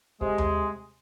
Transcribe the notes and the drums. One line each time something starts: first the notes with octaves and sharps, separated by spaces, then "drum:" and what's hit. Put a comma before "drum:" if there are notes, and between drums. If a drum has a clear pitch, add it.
C3 G#3, drum: kick
drum: tom D#2